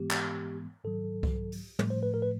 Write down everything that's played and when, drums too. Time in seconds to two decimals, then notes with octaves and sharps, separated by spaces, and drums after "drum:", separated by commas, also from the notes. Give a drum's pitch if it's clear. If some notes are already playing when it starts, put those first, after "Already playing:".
Already playing: G#2 E3 G#3 B3 G4
0.11 drum: clap
0.84 G#2 D#3 F#3 A4
1.23 drum: kick C2
1.52 drum: open hi-hat
1.79 A2 F3 A3, drum: tom
1.90 C5
2.03 B4
2.14 A#4
2.22 B4